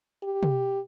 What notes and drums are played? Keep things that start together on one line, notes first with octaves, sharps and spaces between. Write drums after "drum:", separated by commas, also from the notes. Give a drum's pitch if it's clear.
G4
drum: tom